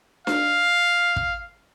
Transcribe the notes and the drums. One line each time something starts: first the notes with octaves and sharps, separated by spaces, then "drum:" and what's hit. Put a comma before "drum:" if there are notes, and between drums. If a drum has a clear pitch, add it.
F5, drum: snare D4
drum: kick